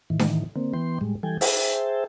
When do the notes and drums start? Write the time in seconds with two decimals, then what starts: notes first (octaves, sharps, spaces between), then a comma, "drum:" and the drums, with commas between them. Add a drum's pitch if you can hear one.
0.10 A2 D#3 E3
0.19 drum: snare D4
0.56 D3 A#3 C4
0.74 E3 B3 G5 C6
1.01 A2 G3 G#3
1.23 E3 G3 A4 G5 G#5
1.41 G#4 C5 E5 G5 A5, drum: open hi-hat